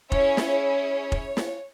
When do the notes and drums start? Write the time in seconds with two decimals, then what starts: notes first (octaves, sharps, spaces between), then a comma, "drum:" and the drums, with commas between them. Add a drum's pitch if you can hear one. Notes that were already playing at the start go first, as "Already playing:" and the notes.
0.12 C#4 E4 G#4 C#5, drum: kick F1
0.37 drum: snare
0.49 C#5
1.12 drum: kick F1
1.37 drum: snare